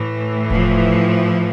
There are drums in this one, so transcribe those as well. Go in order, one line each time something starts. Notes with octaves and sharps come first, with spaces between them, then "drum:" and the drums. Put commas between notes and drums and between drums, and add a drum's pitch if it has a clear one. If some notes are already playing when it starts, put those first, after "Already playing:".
Already playing: A2 E3
F3, drum: kick E1